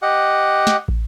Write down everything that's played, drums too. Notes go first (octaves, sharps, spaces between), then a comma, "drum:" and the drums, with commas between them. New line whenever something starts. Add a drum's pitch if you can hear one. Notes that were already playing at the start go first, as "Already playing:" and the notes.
G4 D#5 F#5
drum: snare
drum: kick